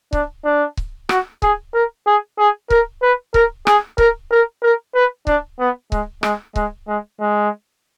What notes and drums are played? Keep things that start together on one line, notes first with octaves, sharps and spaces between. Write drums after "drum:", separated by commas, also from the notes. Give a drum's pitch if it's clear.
D4, drum: kick C#1
D4
drum: kick C#1
F#4, drum: rim click
G#4, drum: kick C#1
A#4
G#4
G#4
A#4, drum: kick C#1
B4
A#4, drum: kick C#1
G#4, drum: rim click
A#4, drum: kick C#1
A#4
A#4
B4
D4, drum: kick C#1
B3
G#3, drum: kick C#1
G#3, drum: rim click
G#3, drum: kick C#1
G#3
G#3